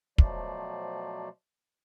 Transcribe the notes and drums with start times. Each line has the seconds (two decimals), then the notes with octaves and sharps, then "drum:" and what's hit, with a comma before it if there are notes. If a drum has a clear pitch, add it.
0.18 B2 F3 F#3 A3 C5 D5, drum: kick